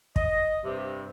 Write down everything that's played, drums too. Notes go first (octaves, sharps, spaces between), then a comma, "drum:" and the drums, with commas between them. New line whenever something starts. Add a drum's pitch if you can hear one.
D#5, drum: kick
G2 C3